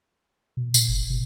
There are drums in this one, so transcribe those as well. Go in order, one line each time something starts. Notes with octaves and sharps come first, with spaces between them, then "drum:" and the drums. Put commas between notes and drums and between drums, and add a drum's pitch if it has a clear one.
B2
A#2, drum: tambourine
F#1
B2